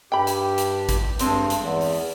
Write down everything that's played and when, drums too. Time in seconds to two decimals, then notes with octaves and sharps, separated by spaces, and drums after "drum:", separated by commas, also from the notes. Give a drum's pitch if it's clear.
0.12 G2 G4 G5 B5
0.27 drum: hi-hat
0.58 drum: hi-hat
0.89 drum: kick, hi-hat
1.19 G2 G#3 C4 A4, drum: hi-hat
1.50 drum: hi-hat
1.59 E2
1.81 drum: open hi-hat